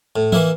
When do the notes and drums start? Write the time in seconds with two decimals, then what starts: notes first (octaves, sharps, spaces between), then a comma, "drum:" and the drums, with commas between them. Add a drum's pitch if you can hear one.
0.16 A2
0.32 E3 A#3 E4, drum: tom